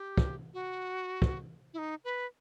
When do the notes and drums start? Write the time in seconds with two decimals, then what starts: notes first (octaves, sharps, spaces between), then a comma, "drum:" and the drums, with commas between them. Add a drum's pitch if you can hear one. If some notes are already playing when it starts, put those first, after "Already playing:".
Already playing: G4
0.17 drum: kick
0.54 F#4
1.22 drum: kick
1.74 E4
1.78 D#4
2.04 B4